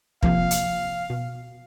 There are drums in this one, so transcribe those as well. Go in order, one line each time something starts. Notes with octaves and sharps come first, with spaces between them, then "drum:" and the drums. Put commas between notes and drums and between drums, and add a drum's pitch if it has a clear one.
C3 F3 A#3 F5, drum: kick
drum: hi-hat
B2